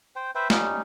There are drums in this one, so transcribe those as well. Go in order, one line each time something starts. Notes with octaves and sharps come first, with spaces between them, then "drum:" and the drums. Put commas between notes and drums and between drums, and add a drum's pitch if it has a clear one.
C5 G5
B4 C5 E5 G5
G3 C#4 D#4, drum: snare